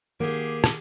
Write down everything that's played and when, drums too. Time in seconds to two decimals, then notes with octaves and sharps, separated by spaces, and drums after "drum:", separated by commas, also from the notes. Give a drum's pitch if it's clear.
0.20 D#3 A#3 G4 G#4 F#5
0.64 drum: rim click